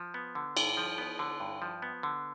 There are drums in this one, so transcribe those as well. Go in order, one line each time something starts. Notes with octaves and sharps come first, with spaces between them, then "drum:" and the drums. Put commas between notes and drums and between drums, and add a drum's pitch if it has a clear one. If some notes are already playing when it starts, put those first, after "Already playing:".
Already playing: F3
B3
D3
G2, drum: cymbal
F3
B3
D3
G2
F3
B3
D3